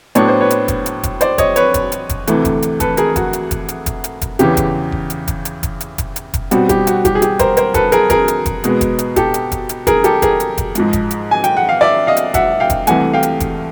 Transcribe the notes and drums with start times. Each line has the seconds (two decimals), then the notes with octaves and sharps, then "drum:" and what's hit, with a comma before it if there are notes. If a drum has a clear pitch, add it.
0.15 A2 F#3 B3 D4 C#5, drum: hi-hat
0.28 C5
0.41 B4 C#5
0.50 drum: hi-hat
0.68 drum: kick F1, hi-hat
0.86 drum: hi-hat
1.03 drum: kick F1, hi-hat
1.21 C5 D5, drum: hi-hat
1.38 C#5 D#5, drum: kick F1, hi-hat
1.56 B4 C#5, drum: hi-hat
1.74 drum: kick F1, hi-hat
1.92 drum: hi-hat
2.09 drum: kick F1, hi-hat
2.27 D2 C3 E3 A3, drum: hi-hat
2.45 drum: kick F1, hi-hat
2.62 drum: hi-hat
2.80 A4 B4, drum: kick F1, hi-hat
2.97 G#4 A#4, drum: hi-hat
3.16 F#4, drum: kick F1, hi-hat
3.33 drum: hi-hat
3.51 drum: kick F1, hi-hat
3.68 drum: hi-hat
3.86 drum: kick F1, hi-hat
4.04 drum: hi-hat
4.22 drum: kick F1, hi-hat
4.39 E2 C#3 E3 G4, drum: hi-hat
4.57 drum: kick F1, hi-hat
4.92 drum: kick F1
5.10 drum: hi-hat
5.28 drum: kick F1, hi-hat
5.45 drum: hi-hat
5.63 drum: kick F1, hi-hat
5.81 drum: hi-hat
5.98 drum: kick F1, hi-hat
6.16 drum: hi-hat
6.34 drum: kick F1, hi-hat
6.51 B2 G3 C4 F#4, drum: hi-hat
6.69 G4, drum: kick F1, hi-hat
6.87 F#4, drum: hi-hat
7.05 G4, drum: kick F1, hi-hat
7.15 G#4
7.22 G4, drum: hi-hat
7.39 A#4 C5, drum: kick F1, hi-hat
7.57 A#4 C5, drum: hi-hat
7.74 A4 B4, drum: kick F1, hi-hat
7.92 G#4 A#4, drum: hi-hat
8.10 G#4 A#4, drum: kick F1, hi-hat
8.28 drum: hi-hat
8.46 drum: kick F1, hi-hat
8.64 B2 G#3 B3, drum: hi-hat
8.81 drum: kick F1, hi-hat
8.99 drum: hi-hat
9.16 G4 A4, drum: kick F1, hi-hat
9.34 drum: hi-hat
9.52 drum: kick F1, hi-hat
9.69 drum: hi-hat
9.87 G#4 A#4, drum: kick F1, hi-hat
10.04 G4 A4, drum: hi-hat
10.22 G#4 A#4, drum: kick F1, hi-hat
10.40 drum: hi-hat
10.58 drum: kick F1, hi-hat
10.75 G#2 F3 G#3, drum: hi-hat
10.93 drum: kick F1, hi-hat
11.11 drum: hi-hat
11.31 G#5
11.44 G5, drum: hi-hat
11.57 F#5
11.69 F5
11.81 D5 E5
12.07 D#5 F5
12.17 drum: hi-hat
12.34 E5 F#5, drum: kick F1, hi-hat
12.60 F5 G5
12.70 drum: kick F1, hi-hat
12.87 C2 C3 E3 A3 F#5 G#5, drum: hi-hat
13.14 F5 G5
13.23 drum: hi-hat
13.40 drum: kick F1, hi-hat